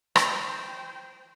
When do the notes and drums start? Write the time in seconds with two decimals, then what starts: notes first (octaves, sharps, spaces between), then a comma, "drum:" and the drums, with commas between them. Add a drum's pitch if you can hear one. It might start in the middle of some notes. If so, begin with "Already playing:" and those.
0.16 C5 G5, drum: rim click